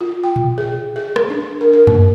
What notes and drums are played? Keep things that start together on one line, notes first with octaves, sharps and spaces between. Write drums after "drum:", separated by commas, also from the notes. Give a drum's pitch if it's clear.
F4
G5
drum: tom A#2
G#4
G#4
drum: rim click
D4
A#4
A#4
A#3, drum: tom F#2